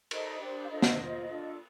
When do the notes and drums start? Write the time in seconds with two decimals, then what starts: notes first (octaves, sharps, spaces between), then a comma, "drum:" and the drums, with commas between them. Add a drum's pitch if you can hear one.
0.11 D#4 A4 C5 D#5, drum: cymbal
0.41 D4 G4 C5
0.65 F5
0.70 D4 F4 A4 C5 D#5
0.82 drum: snare
0.99 F4 C5
1.29 D4 F4 A4